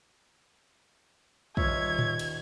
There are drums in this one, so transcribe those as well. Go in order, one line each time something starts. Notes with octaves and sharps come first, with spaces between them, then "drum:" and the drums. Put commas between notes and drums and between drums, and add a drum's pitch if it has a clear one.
D#1 F4 C#5 E5 G#6, drum: kick
drum: tom A2
drum: cymbal